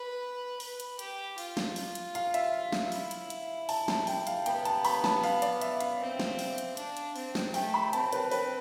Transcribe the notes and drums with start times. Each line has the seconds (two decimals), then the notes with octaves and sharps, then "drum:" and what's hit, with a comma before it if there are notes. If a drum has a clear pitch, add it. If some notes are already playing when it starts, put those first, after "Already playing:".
Already playing: B4
0.60 B4, drum: open hi-hat
0.80 drum: hi-hat
0.99 G4, drum: hi-hat
1.38 F4, drum: open hi-hat
1.57 drum: snare
1.76 drum: open hi-hat
1.95 drum: hi-hat
2.15 F5, drum: hi-hat
2.34 E5, drum: hi-hat
2.72 drum: snare
2.92 E4, drum: open hi-hat
3.11 drum: hi-hat
3.30 drum: hi-hat
3.69 A5, drum: open hi-hat
3.88 A5, drum: snare
4.07 G5, drum: open hi-hat
4.27 F5, drum: hi-hat
4.46 B3 G5, drum: hi-hat
4.65 A5, drum: hi-hat
4.85 B5, drum: open hi-hat
5.04 A5, drum: snare
5.24 F5, drum: open hi-hat
5.42 D5, drum: hi-hat
5.61 E5, drum: hi-hat
5.81 F5, drum: hi-hat
6.01 C4
6.20 drum: snare
6.39 drum: open hi-hat
6.58 drum: hi-hat
6.77 D4, drum: hi-hat
6.97 drum: hi-hat
7.16 C4, drum: open hi-hat
7.35 drum: snare
7.54 A3 G5, drum: open hi-hat
7.74 B5
7.93 C4 A5, drum: hi-hat
8.13 B4, drum: hi-hat
8.31 B4, drum: open hi-hat